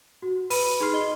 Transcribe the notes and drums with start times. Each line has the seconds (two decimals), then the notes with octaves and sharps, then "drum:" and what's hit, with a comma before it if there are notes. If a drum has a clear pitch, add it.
0.22 F#4
0.50 B4 B5 D#7, drum: open hi-hat
0.80 D#4 G#4 B5 C6 F6 C7
0.94 D#5 G7